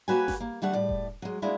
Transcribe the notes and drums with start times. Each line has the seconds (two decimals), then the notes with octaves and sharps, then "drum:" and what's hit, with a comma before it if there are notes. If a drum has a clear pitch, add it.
0.08 A#3 F#4 G4 B4 C#5 G#5
0.28 drum: snare G1
0.40 A#3
0.62 D3 G3 A3 F#5
0.73 A2 D5
0.89 drum: kick E1
1.22 F#3 G#3
1.42 F#3 G#3 A#3 D4 E4